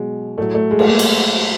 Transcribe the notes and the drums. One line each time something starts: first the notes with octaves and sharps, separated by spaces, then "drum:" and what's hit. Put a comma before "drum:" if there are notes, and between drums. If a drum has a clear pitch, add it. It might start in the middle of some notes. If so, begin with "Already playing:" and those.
Already playing: B2 F#3 G#3
A2 F#3 A3
A3
G#3
A3, drum: cymbal
A#3
drum: cymbal